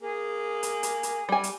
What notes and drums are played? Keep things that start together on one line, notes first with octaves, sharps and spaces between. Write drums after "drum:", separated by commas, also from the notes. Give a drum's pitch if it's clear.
A#3 G#4
drum: hi-hat
drum: hi-hat
drum: hi-hat
G3 G#5
drum: hi-hat